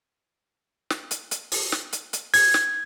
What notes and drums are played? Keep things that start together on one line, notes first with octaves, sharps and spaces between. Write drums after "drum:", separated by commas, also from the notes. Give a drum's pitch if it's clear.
drum: snare
drum: hi-hat
drum: hi-hat
drum: open hi-hat
drum: snare
drum: hi-hat
drum: hi-hat
G#6, drum: open hi-hat
drum: snare